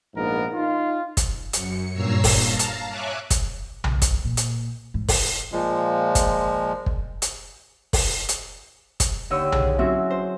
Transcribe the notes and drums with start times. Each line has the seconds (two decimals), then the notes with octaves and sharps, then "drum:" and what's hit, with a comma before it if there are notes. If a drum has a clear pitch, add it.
0.15 A#1 G#2 B3 A#4
0.53 D#4 F4
1.17 drum: kick, hi-hat
1.53 F#2 C#7, drum: hi-hat
1.93 G2 A#2 C#5 A#5 E6 C7
2.24 drum: kick, open hi-hat
2.42 F5 A5 A#5
2.59 drum: hi-hat
2.88 C#5 E5 G#5 D6 F#6
3.31 drum: kick, hi-hat
3.84 drum: tom B1
4.02 drum: kick, hi-hat
4.25 A#2
4.37 drum: hi-hat
4.94 G#2
5.08 drum: kick, open hi-hat
5.52 A#2 F3 G#3
6.15 drum: kick, hi-hat
6.86 drum: kick
7.22 drum: hi-hat
7.93 drum: kick, open hi-hat
8.29 drum: hi-hat
9.00 drum: kick, hi-hat
9.30 D#2 D3 D#3 D#4 C#5 E6
9.52 G#4, drum: tom B1
9.79 F#3 C4 C#4 E4 F#4 E5
10.10 C5